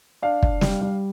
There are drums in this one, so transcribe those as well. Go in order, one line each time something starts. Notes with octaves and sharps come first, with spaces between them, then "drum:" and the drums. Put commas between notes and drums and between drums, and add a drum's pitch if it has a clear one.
D4 F5
D4, drum: kick
G3, drum: snare
G3